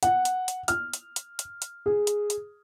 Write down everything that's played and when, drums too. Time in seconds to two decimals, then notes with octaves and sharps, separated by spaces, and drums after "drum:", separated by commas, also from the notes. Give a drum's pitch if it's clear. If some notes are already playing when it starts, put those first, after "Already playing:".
0.03 F#5, drum: hi-hat
0.25 drum: hi-hat
0.48 drum: hi-hat
0.68 F6, drum: hi-hat
0.94 drum: hi-hat
1.16 drum: hi-hat
1.39 drum: hi-hat
1.62 drum: hi-hat
1.86 G#4
2.07 drum: hi-hat
2.30 drum: hi-hat